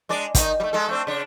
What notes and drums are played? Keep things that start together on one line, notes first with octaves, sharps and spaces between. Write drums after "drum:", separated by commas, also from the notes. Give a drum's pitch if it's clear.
G#3 D4 D5
D#3 D#4, drum: kick, hi-hat
G3 A3
G#3 A4
A3 C4 D4
C#3 D4